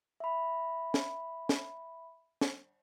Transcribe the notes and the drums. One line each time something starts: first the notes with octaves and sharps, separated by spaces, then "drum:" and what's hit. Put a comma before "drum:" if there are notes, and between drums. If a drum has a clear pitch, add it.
E5 B5
drum: snare
drum: snare
drum: snare